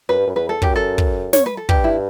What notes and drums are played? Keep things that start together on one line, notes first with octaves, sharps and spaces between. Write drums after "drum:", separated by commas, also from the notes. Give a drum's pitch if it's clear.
F#2 B4
G2
F#2
E2 B4
A4
F#2 G4, drum: kick
A4
drum: kick
C#5, drum: snare
B4
A4
G2 G4, drum: kick
E4